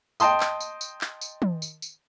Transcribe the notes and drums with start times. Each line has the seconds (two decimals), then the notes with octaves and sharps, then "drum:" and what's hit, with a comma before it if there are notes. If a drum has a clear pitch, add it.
0.20 D#5 G5 A5 C6 D#6, drum: tambourine
0.40 drum: clap
0.61 drum: tambourine
0.81 drum: tambourine
1.01 drum: clap
1.21 drum: tambourine
1.42 drum: tom
1.62 drum: tambourine
1.82 drum: tambourine